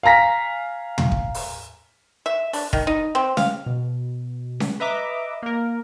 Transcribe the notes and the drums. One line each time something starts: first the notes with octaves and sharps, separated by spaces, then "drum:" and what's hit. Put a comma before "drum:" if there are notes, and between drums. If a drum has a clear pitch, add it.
F5 G#5 A#5 A#6 B6
drum: tom
drum: kick
drum: open hi-hat
E5
D4, drum: open hi-hat
D#3, drum: kick
D#4
C4
F5, drum: snare C#4
B2
drum: snare C#4
B4 D#5 E5 A#5 D6
A#3 A#4